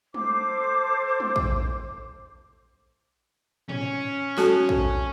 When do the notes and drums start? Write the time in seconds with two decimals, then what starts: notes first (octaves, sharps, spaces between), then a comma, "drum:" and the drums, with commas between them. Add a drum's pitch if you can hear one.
0.14 A4 C5 D6, drum: tom
1.20 drum: tom
1.36 drum: kick
3.69 C#4, drum: tom
4.38 F#4 A4 A5, drum: snare
4.69 drum: kick